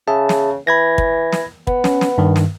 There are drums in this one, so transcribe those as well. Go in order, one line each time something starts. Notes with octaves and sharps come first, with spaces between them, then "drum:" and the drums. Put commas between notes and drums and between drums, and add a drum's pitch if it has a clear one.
C#3 G#4 E5 A5
drum: snare
E3 B5 G#6 A#6
drum: kick
drum: snare
B3, drum: kick
C#4, drum: snare
drum: snare
G2 D#3
drum: snare